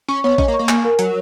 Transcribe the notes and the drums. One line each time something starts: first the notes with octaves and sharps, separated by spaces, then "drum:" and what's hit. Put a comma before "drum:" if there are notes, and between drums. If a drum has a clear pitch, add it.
C#4 C#6
B3 C#5
C#4 D#5, drum: kick A#1
A#3
C#6
A#3
G#5, drum: clap
A#4
F#3 A#4, drum: hi-hat